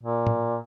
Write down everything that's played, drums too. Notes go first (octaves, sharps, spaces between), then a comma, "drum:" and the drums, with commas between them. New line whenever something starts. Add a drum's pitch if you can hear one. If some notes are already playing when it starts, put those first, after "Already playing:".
A#2
drum: tom A2